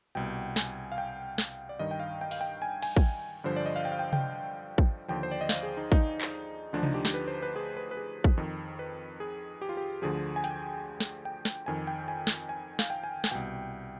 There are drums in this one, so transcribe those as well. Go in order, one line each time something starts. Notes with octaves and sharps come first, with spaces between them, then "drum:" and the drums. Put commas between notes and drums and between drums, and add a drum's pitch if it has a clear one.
C2 B2 G5
G#5, drum: snare
F5
G5
drum: snare
D5
G2 D#3 D#5
G5
F5
G5
F5, drum: open hi-hat
G5
G#5
G#5, drum: cymbal
drum: kick
G2 D3 F3 C5
D5
D#5
F5
G5
F5
G5
G5, drum: tom C3
drum: kick
D#2 D3 F3 G5
C5
D5
D#5
F5, drum: snare
G#4
D#4
D#4, drum: kick
drum: clap
D2 D3 F3 D4
D#4, drum: tom C3
G4
G4, drum: snare
B4
C5
B4
G#4
B4
B4
G#4
drum: kick
F2 D#3
B4
G#4
G4
F4
G4
D2 D3 F3 G#4
G#5
G5, drum: hi-hat
drum: snare
G5
drum: snare
F2 D#3 G#5
G5
G#5
drum: snare
G#5
F5, drum: snare
G5
G#5
G#5, drum: snare
C2 B2 G5